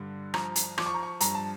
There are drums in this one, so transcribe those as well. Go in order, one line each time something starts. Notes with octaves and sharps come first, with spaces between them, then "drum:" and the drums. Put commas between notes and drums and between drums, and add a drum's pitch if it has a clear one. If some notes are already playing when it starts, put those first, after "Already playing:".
Already playing: G2 D3
F3 A#5, drum: rim click
drum: hi-hat
F3 D6, drum: rim click
C#6
A#5
C#6
G2 A#5, drum: hi-hat
A5